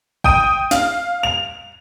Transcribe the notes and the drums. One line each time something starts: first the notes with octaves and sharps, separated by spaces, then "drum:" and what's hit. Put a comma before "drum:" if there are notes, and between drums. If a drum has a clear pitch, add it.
G5 D#6 D#7, drum: kick
F5, drum: snare
F7